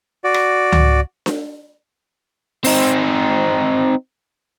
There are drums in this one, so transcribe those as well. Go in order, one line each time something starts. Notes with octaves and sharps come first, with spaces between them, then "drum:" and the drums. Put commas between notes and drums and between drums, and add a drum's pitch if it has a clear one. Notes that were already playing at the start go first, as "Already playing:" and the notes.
F#4 D5
drum: rim click
drum: tom C#2
drum: snare D4
C4 D#4, drum: open hi-hat